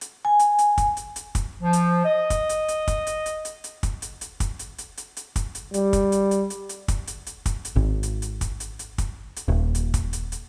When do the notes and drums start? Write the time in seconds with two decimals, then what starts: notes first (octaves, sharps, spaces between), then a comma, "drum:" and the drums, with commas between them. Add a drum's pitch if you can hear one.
0.01 drum: hi-hat
0.25 G#5
0.39 drum: hi-hat
0.58 drum: hi-hat
0.78 drum: kick, hi-hat
0.97 drum: hi-hat
1.16 drum: hi-hat
1.35 drum: kick, hi-hat
1.62 F3
1.73 drum: hi-hat
2.05 D#5
2.30 drum: kick, hi-hat
2.49 drum: hi-hat
2.68 drum: hi-hat
2.88 drum: kick, hi-hat
3.07 drum: hi-hat
3.26 drum: hi-hat
3.45 drum: hi-hat
3.64 drum: hi-hat
3.83 drum: kick, hi-hat
4.02 drum: hi-hat
4.21 drum: hi-hat
4.40 drum: kick, hi-hat
4.59 drum: hi-hat
4.78 drum: hi-hat
4.97 drum: hi-hat
5.17 drum: hi-hat
5.36 drum: kick, hi-hat
5.55 drum: hi-hat
5.74 G3, drum: hi-hat
5.93 drum: kick, hi-hat
6.12 drum: hi-hat
6.31 drum: hi-hat
6.50 drum: hi-hat
6.69 drum: hi-hat
6.88 drum: kick, hi-hat
7.07 drum: hi-hat
7.27 drum: hi-hat
7.46 drum: kick, hi-hat
7.65 drum: hi-hat
7.76 G#1
8.03 drum: hi-hat
8.22 drum: hi-hat
8.41 drum: kick, hi-hat
8.60 drum: hi-hat
8.79 drum: hi-hat
8.98 drum: kick, hi-hat
9.36 drum: hi-hat
9.48 D#1
9.75 drum: hi-hat
9.94 drum: kick, hi-hat
10.13 drum: hi-hat
10.32 drum: hi-hat